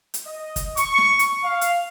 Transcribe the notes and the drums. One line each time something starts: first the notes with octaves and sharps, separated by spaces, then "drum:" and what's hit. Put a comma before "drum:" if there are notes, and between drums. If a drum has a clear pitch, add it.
drum: hi-hat
D#5
drum: kick, hi-hat
C#6, drum: hi-hat
drum: snare
drum: hi-hat
F5
drum: hi-hat